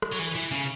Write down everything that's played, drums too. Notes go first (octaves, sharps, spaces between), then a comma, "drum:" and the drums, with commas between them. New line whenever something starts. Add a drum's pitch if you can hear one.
drum: rim click
F#3
E3
E3
C#3